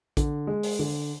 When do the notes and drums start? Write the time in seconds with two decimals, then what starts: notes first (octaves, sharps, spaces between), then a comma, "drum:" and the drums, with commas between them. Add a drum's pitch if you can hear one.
0.17 D3, drum: kick A#1, hi-hat
0.47 G#3
0.63 drum: open hi-hat
0.79 D3